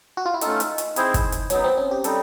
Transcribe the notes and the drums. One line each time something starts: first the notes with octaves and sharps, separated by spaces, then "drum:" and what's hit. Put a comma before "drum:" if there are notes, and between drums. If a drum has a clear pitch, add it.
F#4
F4
E4
A3 C#4 D#4 F4 A4, drum: hi-hat
drum: hi-hat
drum: hi-hat
C4 E4 G#4 C5, drum: hi-hat
drum: kick, hi-hat
drum: hi-hat
F#3 B3 C#4 D#4, drum: hi-hat
C4
C#4
G4
G3 C4 D#4 A4, drum: hi-hat